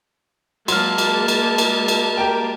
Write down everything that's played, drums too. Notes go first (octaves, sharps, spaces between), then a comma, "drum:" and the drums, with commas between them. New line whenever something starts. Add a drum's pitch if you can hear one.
F#3 G#3 A#3 A5 C6 F6, drum: cymbal
drum: cymbal
drum: cymbal
drum: cymbal
drum: cymbal
G4 A#4 G5